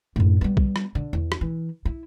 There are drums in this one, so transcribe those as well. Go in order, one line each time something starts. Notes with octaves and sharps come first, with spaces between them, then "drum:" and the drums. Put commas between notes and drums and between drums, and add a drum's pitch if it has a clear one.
F#2 A2
G3 B3
drum: kick B1
drum: rim click
D3
E2
drum: rim click
E3
E4